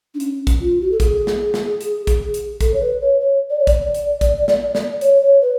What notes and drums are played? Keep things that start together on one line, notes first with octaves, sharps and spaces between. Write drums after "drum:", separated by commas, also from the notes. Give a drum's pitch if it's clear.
D4
C#4, drum: hi-hat
drum: kick, hi-hat
F4
F#4
A4
G#4, drum: kick, hi-hat
drum: snare
drum: snare
drum: hi-hat
drum: kick, hi-hat
drum: hi-hat
A4, drum: kick, hi-hat
C#5
B4
C#5
C#5
D5
C#5
D5, drum: kick, hi-hat
drum: hi-hat
drum: kick, hi-hat
drum: snare
drum: snare
C#5, drum: hi-hat
C#5
B4